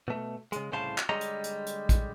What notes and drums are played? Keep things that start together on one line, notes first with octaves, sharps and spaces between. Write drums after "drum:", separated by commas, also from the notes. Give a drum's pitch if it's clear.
B2 A3
C#3 G#3, drum: hi-hat
C2 A2 C#3 C5 F5 A5
drum: clap
D3 G3 G#3 C#5 D#5 A#5
drum: hi-hat
drum: hi-hat
drum: hi-hat
drum: kick, hi-hat